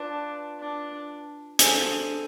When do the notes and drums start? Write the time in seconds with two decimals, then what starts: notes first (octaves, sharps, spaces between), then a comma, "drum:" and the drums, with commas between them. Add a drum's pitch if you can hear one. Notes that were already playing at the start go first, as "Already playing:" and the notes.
Already playing: D4 F4 B4 D5 A5
0.59 D4
1.59 D4 G#4 A4 C5 G#5, drum: hi-hat